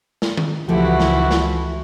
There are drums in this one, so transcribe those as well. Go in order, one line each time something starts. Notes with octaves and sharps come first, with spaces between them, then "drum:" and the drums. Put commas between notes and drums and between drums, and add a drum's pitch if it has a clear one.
drum: snare
drum: tom D#3
C#2 E3 F3 A3 E4 F#4 G4
drum: snare
drum: snare